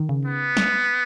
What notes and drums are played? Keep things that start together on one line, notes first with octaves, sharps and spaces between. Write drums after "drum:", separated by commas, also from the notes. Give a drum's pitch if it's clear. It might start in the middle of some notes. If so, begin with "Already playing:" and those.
Already playing: D#3
C#3
B3
drum: snare